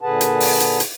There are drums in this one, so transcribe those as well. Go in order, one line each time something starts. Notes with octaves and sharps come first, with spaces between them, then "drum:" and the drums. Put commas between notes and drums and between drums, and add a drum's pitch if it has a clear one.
A#2 D3 G#4 B4 F#5 A5
drum: hi-hat
drum: open hi-hat
drum: hi-hat
drum: hi-hat